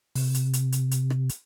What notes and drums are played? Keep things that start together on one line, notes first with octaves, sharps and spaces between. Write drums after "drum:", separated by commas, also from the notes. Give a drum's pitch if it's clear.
C3, drum: open hi-hat
drum: hi-hat
drum: hi-hat
drum: hi-hat
drum: hi-hat
drum: rim click
drum: hi-hat